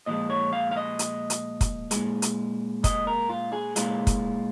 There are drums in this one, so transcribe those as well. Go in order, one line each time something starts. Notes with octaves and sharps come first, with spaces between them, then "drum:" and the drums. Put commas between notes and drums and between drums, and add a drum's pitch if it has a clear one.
A#2 F3 G#3 D#5
C#5
F5
F5
D#5
drum: hi-hat
drum: hi-hat
drum: kick, hi-hat
A#2 G#3, drum: hi-hat
drum: hi-hat
D#5, drum: kick, hi-hat
A#4
F4
G#4
A#2 G#3 F4, drum: hi-hat
drum: kick, hi-hat